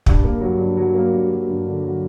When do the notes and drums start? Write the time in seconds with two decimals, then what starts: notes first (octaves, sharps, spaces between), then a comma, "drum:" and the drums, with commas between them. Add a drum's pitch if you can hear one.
0.06 G2, drum: kick
0.24 A#3
0.41 F#3
0.58 G2
0.77 F#3
0.94 A#3
1.12 G2
1.30 F#3
1.48 G2
1.66 D3
1.83 F#3